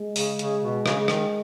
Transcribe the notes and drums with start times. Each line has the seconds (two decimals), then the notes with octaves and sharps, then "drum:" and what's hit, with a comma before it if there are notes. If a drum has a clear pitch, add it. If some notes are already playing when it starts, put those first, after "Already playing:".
Already playing: G#3
0.16 C#3, drum: open hi-hat
0.39 C#3, drum: hi-hat
0.62 B2
0.86 C#3, drum: rim click
0.99 C#3
1.08 D#3, drum: rim click